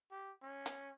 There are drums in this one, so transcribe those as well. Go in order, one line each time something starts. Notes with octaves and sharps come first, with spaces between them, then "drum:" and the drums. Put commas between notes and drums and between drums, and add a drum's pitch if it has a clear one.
G4
C#4
drum: hi-hat